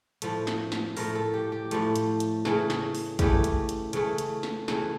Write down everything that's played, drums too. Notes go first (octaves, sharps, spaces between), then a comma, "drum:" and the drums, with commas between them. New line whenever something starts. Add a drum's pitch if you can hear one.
A2 F3 A3, drum: hi-hat
drum: snare
drum: snare
A2 F3 A3 A#4, drum: open hi-hat
A4
G4
G4
A2 F3 A3, drum: hi-hat
drum: hi-hat
drum: hi-hat
C#3 E3 A3, drum: snare
drum: snare
drum: open hi-hat
C#3 E3 A3 G4, drum: kick, hi-hat
drum: hi-hat
drum: hi-hat
C#3 E3 A3, drum: hi-hat
drum: hi-hat
drum: snare
C#3 E3 A3, drum: snare